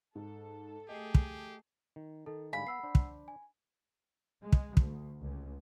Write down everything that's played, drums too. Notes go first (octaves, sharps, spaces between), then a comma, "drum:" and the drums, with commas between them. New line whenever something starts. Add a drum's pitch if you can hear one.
G#2 A4
A3 G4 G#4 D#5
drum: kick
D#3
D#3 A4 A5
G#2 D3 G3 F5 G#5 B5
B3 F#5 E6 C7
D4 C5
drum: kick
G#5
G#3
drum: kick
D2, drum: kick
C#2